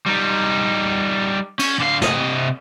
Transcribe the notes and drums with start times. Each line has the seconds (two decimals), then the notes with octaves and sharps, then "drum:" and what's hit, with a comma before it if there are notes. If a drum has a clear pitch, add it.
0.07 G3 D#4
1.59 C#4, drum: cymbal
1.80 D3 F5
2.02 C3 D#5, drum: snare